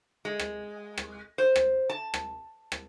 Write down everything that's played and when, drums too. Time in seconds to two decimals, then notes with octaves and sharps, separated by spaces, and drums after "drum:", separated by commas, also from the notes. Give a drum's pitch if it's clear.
0.25 G#3
0.39 drum: rim click
0.98 drum: rim click
1.38 C5
1.56 drum: rim click
1.90 A5
2.14 drum: rim click
2.72 drum: rim click